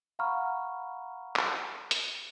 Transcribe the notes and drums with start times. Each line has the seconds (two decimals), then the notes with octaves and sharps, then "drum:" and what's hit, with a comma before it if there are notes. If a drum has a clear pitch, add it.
0.19 F5 F#5 A#5 B5 C#6 F6
1.36 drum: clap
1.91 drum: hi-hat